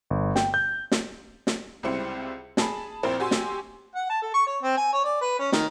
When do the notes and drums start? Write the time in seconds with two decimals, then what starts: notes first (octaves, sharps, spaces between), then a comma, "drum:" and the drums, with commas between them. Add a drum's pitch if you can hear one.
0.10 G1
0.36 G5, drum: snare
0.54 G6
0.92 drum: snare
1.47 drum: snare
1.83 C#2 C3 G3 E4 C5 C#7
2.57 G#4 A5 B5, drum: snare
3.03 A#1 C4 E4 A#4 C5 G5
3.20 F#4 G4 G#5 C6 E6
3.31 drum: snare
3.95 F#5
4.09 A5
4.22 A4
4.34 C#6
4.47 C#5
4.62 C4
4.77 G#5
4.93 C#5
5.04 D5
5.21 B4
5.39 C#4
5.52 D#3, drum: snare